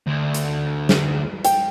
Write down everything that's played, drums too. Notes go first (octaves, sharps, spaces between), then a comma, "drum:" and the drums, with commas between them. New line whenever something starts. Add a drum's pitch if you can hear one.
D2
drum: hi-hat
drum: snare
G5, drum: hi-hat